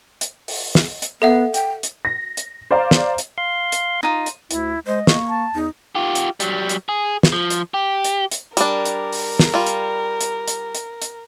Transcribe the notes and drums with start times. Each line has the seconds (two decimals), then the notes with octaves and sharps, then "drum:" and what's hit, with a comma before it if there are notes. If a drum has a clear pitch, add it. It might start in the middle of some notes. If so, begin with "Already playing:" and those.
0.21 drum: hi-hat
0.48 drum: open hi-hat
0.75 drum: snare
1.02 drum: hi-hat
1.22 B3 A4 E5 F#5
1.54 G5, drum: hi-hat
1.83 drum: hi-hat
2.05 A#6
2.37 drum: hi-hat
2.71 C5 D5 F5 A#5
2.91 drum: snare
3.18 drum: hi-hat
3.38 F5 C6
3.72 drum: hi-hat
4.03 D#4 F4
4.26 drum: hi-hat
4.51 D2 E4, drum: hi-hat
4.87 G#3 C5 D#5
5.07 A#3 C#6, drum: snare
5.29 A5
5.55 E2 D#4
5.95 F4 G4
6.15 drum: hi-hat
6.40 F#3 G3, drum: hi-hat
6.69 drum: hi-hat
6.89 G#4
7.23 drum: snare
7.32 F3
7.50 drum: hi-hat
7.74 G4
8.04 drum: hi-hat
8.31 drum: hi-hat
8.57 G3 D4 A#4, drum: hi-hat
8.85 drum: hi-hat
9.12 drum: open hi-hat
9.39 drum: snare
9.54 G3 F4
9.66 drum: hi-hat
10.21 drum: hi-hat
10.48 drum: hi-hat
10.75 drum: hi-hat
11.02 drum: hi-hat